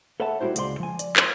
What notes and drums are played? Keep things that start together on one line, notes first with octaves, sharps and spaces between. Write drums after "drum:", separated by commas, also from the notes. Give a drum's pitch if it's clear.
A4 B4 C#5 E5 F#5 A5
G3 G#3 E4 F#4 C5
C#2 G#3 D5 F#5 C6, drum: hi-hat
F3 G#5
D5, drum: hi-hat
A#4 C6, drum: clap